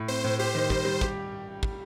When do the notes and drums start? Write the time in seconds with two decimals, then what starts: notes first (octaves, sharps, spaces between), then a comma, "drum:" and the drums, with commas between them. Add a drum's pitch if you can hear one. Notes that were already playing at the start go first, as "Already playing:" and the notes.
Already playing: A2
0.08 C4 C5
0.24 A2
0.39 G4 C5
0.55 D#3
0.70 G3, drum: kick
0.85 G3
1.01 G4, drum: kick
1.63 drum: kick